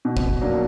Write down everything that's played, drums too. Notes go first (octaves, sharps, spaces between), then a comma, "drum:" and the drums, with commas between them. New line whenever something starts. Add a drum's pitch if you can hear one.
B2
drum: kick
F#3 A#3 D4